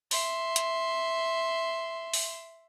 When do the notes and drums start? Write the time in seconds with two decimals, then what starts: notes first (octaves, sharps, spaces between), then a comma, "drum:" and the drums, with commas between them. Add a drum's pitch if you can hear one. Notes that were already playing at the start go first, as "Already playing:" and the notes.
0.11 E5 C6, drum: open hi-hat
0.56 drum: hi-hat
2.14 drum: open hi-hat